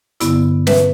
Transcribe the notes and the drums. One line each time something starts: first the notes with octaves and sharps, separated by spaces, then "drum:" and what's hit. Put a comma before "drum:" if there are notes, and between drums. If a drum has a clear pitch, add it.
G2 D3 B3 E4, drum: hi-hat
B4 E5, drum: snare